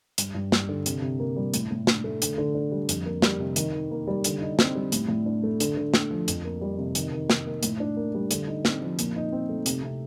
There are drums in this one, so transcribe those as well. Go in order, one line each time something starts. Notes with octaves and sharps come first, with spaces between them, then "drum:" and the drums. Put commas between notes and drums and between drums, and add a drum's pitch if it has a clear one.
G2, drum: hi-hat
G2
G3, drum: snare
D3
C3, drum: hi-hat
C3
A#3
G3
A2, drum: hi-hat
A2
D4, drum: snare
A3
D3, drum: hi-hat
D3
D4
G3
F2, drum: hi-hat
A#3
G3, drum: snare
C3
D#3, drum: hi-hat
D#3
A#3
G3
D3, drum: hi-hat
D#4
C4, drum: snare
G3
A2, drum: hi-hat
A2
D4
A3
D3, drum: hi-hat
D3
A3, drum: snare
F3
F2, drum: hi-hat
A#3
G3
C3
D#3, drum: hi-hat
D#3
D#4, drum: snare
A#3
A2, drum: hi-hat
D4
A#3
G3
D3, drum: hi-hat
D#4
C4, drum: snare
F3
A#2, drum: hi-hat
D#4
C4
A3
C3, drum: hi-hat
C3